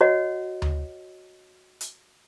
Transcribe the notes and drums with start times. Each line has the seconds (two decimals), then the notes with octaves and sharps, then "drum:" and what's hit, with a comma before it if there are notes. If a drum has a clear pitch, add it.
0.01 F#4 C#5 D#5 F#5
0.62 drum: tom D2
1.81 drum: hi-hat